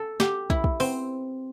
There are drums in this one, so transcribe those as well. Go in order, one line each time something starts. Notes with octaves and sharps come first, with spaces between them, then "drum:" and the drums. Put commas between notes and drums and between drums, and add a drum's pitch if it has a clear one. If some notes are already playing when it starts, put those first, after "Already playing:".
Already playing: A4
G4, drum: snare
E4, drum: kick
drum: kick
C4, drum: open hi-hat